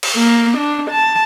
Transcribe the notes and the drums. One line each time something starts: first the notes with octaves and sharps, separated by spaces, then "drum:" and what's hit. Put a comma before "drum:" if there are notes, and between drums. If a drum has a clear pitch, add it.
drum: cymbal
A#3
D4
A5